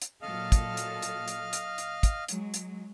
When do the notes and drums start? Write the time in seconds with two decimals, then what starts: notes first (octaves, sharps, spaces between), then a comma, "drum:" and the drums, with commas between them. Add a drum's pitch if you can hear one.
0.02 drum: hi-hat
0.22 A#2 F#3 A4 D#5 F5 F6
0.52 drum: kick, hi-hat
0.77 drum: hi-hat
1.02 drum: hi-hat
1.28 drum: hi-hat
1.53 drum: hi-hat
1.78 drum: hi-hat
2.03 drum: kick, hi-hat
2.28 F#3 G#3, drum: hi-hat
2.54 drum: hi-hat